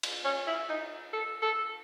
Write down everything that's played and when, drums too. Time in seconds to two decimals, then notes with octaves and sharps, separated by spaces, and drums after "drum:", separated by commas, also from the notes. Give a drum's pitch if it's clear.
0.03 drum: cymbal
0.24 C#4
0.47 E4
0.69 D#4
1.13 A4
1.42 A4